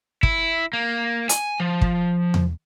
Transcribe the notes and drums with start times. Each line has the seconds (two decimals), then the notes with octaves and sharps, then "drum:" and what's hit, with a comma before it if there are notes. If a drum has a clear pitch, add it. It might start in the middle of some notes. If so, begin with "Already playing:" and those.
0.23 E4, drum: kick
0.73 A#3
1.29 G#5, drum: hi-hat
1.60 F3
1.81 drum: kick
2.34 drum: tom E2